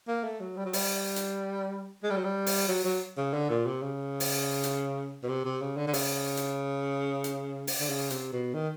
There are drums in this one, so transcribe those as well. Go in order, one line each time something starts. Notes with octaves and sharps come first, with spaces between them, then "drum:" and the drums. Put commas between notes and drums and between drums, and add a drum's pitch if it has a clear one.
A#3
A3
F#3
G3
F#3
G3, drum: open hi-hat
drum: hi-hat
G#3
G3
F#3
G3
drum: open hi-hat
F#3
F#3
C#3
D3
A#2
C3
C#3
drum: open hi-hat
drum: hi-hat
B2
C3
C3
C#3
D3
D3
C#3, drum: open hi-hat
drum: hi-hat
drum: hi-hat
drum: open hi-hat
D3
C#3
C3, drum: hi-hat
B2
D#3